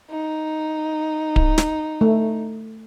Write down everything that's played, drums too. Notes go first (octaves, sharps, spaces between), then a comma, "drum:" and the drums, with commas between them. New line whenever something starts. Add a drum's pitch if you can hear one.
D#4
drum: kick D1
drum: snare
A3